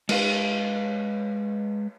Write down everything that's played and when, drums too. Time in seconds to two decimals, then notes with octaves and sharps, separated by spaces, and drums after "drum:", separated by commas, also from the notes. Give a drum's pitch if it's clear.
0.09 G#3 B4 F5, drum: cymbal